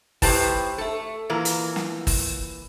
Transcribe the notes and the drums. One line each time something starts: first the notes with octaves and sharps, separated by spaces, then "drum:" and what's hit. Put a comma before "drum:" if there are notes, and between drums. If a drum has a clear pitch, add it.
A2 C#4 G4 B4 C5 A5, drum: kick, open hi-hat
A3 A4
A#2 E3 A#4
drum: hi-hat
drum: snare
drum: kick, open hi-hat